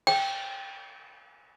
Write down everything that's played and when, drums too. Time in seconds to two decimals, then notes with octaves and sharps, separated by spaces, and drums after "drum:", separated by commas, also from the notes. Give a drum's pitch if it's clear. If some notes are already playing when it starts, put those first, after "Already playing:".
0.07 G5, drum: cymbal